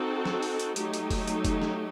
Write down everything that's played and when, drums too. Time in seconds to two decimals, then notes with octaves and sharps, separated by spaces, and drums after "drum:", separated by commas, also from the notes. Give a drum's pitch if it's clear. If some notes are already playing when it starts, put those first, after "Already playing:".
Already playing: C4 D#4 F#4 A4
0.25 drum: snare
0.42 drum: open hi-hat
0.59 drum: hi-hat
0.76 F#3 A3 D#4 G4, drum: hi-hat
0.94 drum: hi-hat
1.11 drum: kick F1, open hi-hat
1.28 drum: hi-hat
1.45 drum: kick F1, hi-hat
1.62 drum: snare